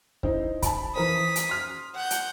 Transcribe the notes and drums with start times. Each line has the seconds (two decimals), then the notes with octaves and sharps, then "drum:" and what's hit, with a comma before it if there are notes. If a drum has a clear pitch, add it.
0.23 D#4 E4 C5, drum: kick
0.62 A5 B5, drum: kick, hi-hat
0.96 E3 A#4 C5 D#6 B6
1.36 drum: hi-hat
1.49 C6 F6
1.95 F#5 G6
2.11 drum: hi-hat